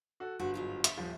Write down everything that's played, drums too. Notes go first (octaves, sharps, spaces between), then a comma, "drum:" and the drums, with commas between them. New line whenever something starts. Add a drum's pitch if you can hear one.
F#4 A4
G1 F#4
G#2 F#3 F4
E5, drum: hi-hat
D#1 F3